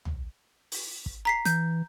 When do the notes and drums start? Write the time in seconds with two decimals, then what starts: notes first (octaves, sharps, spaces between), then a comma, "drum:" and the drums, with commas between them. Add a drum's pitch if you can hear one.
0.05 drum: tom
0.72 drum: open hi-hat
1.06 drum: kick
1.25 A#5 B6 C7
1.45 E3 G6, drum: hi-hat